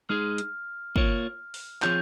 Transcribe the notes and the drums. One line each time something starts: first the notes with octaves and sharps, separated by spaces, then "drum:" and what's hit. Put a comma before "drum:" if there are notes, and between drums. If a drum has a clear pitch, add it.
G#3 D#4 G#4 F6
drum: hi-hat
A#3 F4 A#4 C#5, drum: kick
drum: open hi-hat
F3 C4 F4 G#4 C#5 G6, drum: clap